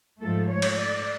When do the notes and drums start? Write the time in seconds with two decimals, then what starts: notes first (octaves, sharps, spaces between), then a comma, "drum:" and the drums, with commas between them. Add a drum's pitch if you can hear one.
0.21 G#2 F3 A3 A4
0.50 C#5
0.62 drum: cymbal
0.80 D5